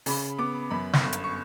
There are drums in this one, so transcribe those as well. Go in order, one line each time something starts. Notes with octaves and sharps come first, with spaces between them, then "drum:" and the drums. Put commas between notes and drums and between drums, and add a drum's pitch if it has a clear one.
C#3 B5, drum: open hi-hat
B3 D6
F#2 B5
drum: snare
G1
drum: hi-hat
C#6